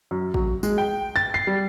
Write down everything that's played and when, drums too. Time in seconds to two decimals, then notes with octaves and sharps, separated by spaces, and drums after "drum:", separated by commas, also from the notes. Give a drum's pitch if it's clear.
0.11 F#2
0.34 F#3, drum: kick A1
0.63 G#3, drum: tambourine
0.78 G5
1.16 A6
1.34 C7
1.47 G3